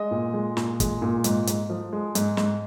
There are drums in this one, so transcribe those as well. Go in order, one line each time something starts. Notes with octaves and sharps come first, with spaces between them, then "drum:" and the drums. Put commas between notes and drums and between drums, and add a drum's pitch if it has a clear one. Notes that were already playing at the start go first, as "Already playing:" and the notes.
Already playing: G#3 D#5
A#2
G#3
A#2, drum: snare
G#3, drum: kick, hi-hat
A#2
G#2, drum: hi-hat
G#2, drum: hi-hat
F3
G#3
G#2, drum: hi-hat
G#2, drum: snare